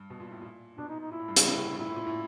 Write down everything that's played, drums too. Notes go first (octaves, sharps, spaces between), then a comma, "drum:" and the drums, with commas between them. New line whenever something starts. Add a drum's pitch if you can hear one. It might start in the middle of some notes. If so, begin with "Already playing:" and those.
Already playing: G2
B2
A#2
A2
A#2
B2 D4
D#4
D#4
A#2 E4
A2
G2
C#3, drum: hi-hat
C3
A#2 E4
A2
A#2
A2